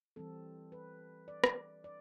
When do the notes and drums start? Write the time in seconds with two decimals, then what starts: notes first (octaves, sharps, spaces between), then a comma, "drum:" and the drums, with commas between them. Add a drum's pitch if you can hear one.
0.16 E3 G3 C4 A4
0.72 B4
1.28 D5
1.44 drum: rim click
1.84 D5